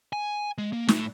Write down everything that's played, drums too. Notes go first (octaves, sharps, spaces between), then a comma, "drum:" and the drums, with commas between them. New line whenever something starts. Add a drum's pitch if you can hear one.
G#5
G#3
A#3
A2, drum: snare